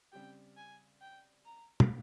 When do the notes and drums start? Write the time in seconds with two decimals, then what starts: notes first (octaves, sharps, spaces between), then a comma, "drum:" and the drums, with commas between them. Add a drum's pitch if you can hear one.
0.12 C#3 G3 C4 G4 G5
0.57 G#5
1.01 G5
1.46 A#5
1.80 drum: tom